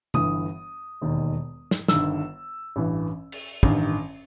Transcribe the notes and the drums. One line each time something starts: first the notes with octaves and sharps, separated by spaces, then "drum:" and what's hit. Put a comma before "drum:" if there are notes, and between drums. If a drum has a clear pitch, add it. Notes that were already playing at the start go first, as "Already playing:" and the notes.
G1 G2 E3 D#6, drum: tom C3
E1 D#2 D#3
drum: snare
G1 G2 D#3 E6, drum: snare
A1 G2 E3
drum: cymbal
A1 G2 D#3, drum: kick